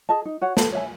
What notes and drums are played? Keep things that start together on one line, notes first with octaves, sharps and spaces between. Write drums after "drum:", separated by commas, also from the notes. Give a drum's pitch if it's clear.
G#4 D#5 A5
D#4
F#4 C#5 F#5
A4, drum: snare
C#5 E5 G#5